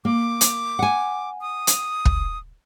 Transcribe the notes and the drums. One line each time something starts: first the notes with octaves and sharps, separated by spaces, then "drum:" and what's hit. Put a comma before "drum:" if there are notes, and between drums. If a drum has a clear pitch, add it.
A#3 D6
drum: hi-hat
F#5 G#5
D#6
drum: hi-hat
drum: kick